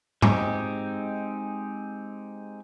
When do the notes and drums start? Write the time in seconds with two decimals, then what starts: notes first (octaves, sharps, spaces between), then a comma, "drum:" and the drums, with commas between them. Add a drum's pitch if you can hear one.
0.22 G#3 C4 D#4 G4, drum: tom G#2